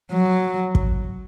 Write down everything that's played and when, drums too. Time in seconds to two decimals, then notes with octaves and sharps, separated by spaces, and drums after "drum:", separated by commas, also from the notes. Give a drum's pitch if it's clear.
0.12 F#3
0.75 drum: kick